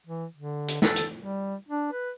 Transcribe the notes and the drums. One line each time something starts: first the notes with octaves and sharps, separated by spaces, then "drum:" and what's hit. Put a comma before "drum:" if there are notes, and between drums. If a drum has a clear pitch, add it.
E3
D3
drum: hi-hat
A4, drum: snare
drum: hi-hat
G3
D4
B4